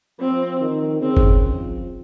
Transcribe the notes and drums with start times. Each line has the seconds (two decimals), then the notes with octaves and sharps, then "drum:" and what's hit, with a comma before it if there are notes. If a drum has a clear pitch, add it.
0.20 F3 C4
0.61 D#3
1.01 C#3 C4
1.17 drum: kick F#1
1.43 F3